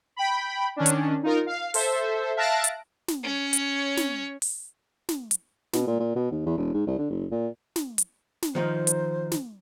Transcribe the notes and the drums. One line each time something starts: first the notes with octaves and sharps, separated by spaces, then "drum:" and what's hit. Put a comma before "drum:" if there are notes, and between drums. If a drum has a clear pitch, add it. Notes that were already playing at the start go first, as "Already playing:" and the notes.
G5 B5
D#3 C#4 D4
drum: hi-hat
D#4 F4 A#4
F5
A4 C5 E5, drum: open hi-hat
E5 F5 A5 F#6 A#6 D7
drum: hi-hat
drum: snare
C#4 C#5
drum: hi-hat
drum: snare
drum: open hi-hat
drum: snare
drum: hi-hat
B2, drum: snare
A#2
A#2
B2
D#2
E2
E1
G#2
C2
D3
F#1
A#2
drum: snare
drum: hi-hat
drum: snare
D#3 F3 D#4 C5
drum: hi-hat
drum: snare